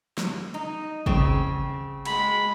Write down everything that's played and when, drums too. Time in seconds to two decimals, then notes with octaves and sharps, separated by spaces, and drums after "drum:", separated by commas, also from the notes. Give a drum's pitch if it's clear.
0.18 drum: snare
0.54 D#4
1.06 C#3 C4, drum: kick
2.05 G#3 B5, drum: cymbal